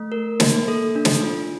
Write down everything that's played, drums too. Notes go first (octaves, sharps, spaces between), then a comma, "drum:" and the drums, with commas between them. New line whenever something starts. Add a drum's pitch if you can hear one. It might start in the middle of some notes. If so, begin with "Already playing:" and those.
Already playing: A3
A#4
A#3, drum: snare
A4
D4
drum: snare
F4